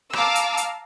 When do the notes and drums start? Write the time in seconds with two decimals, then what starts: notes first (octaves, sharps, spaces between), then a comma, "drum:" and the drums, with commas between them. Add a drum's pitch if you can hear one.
0.13 F5 A5 A#5 D6 E6 F6, drum: rim click
0.35 drum: hi-hat
0.57 drum: hi-hat